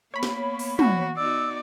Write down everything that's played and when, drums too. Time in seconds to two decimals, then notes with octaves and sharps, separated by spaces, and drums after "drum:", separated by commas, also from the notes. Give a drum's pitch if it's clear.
0.14 A#3 B3 C#5 B5
0.23 drum: snare
0.59 drum: open hi-hat
0.79 F#4, drum: tom
1.17 B3 D#4 F#4 D5 E6